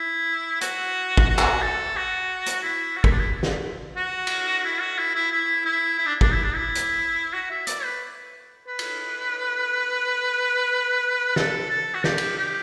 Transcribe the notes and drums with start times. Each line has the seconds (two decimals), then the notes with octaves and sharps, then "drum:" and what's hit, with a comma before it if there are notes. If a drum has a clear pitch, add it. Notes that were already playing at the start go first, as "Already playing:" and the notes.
Already playing: E4
0.61 F#4, drum: hi-hat
1.17 drum: kick
1.29 F#4
1.38 drum: clap
1.62 A4
1.96 F#4
2.46 drum: hi-hat
2.63 E4
2.97 F#4
3.04 E4, drum: kick
3.12 D4
3.19 E4
3.43 drum: snare
3.97 F#4
4.27 drum: cymbal
4.64 E4
4.81 F#4
4.99 E4
5.15 E4
5.32 E4
5.65 E4
5.98 E4
6.06 D4
6.21 D4, drum: kick
6.32 E4
6.44 D4
6.55 E4
6.75 drum: hi-hat
7.34 F#4
7.50 E5
7.67 D5, drum: hi-hat
7.84 B4
8.68 B4
8.79 drum: cymbal
11.36 A4, drum: snare
11.70 A4
11.95 F#4
12.04 G4, drum: snare
12.18 drum: cymbal
12.37 G4